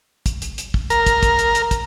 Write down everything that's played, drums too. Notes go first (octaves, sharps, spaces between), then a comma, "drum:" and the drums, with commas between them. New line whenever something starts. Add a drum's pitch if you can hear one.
drum: kick, hi-hat
drum: hi-hat
drum: hi-hat
drum: kick
A#4, drum: hi-hat
drum: kick, hi-hat
drum: kick, hi-hat
drum: hi-hat
drum: hi-hat
drum: kick, hi-hat